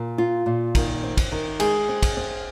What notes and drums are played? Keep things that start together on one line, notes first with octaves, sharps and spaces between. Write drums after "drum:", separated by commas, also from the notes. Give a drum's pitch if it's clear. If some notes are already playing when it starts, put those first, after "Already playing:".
Already playing: A#2
F4
A#2
D#3, drum: kick, cymbal
C4
drum: kick, cymbal
D#3
G#3 G#4, drum: cymbal
C4
drum: kick, cymbal
C4